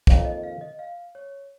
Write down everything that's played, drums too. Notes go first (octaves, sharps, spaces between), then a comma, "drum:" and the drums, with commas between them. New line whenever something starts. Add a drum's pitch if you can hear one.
F2 D#3 A#3 C#5, drum: kick
D#5
F5
D#5
F5
C#5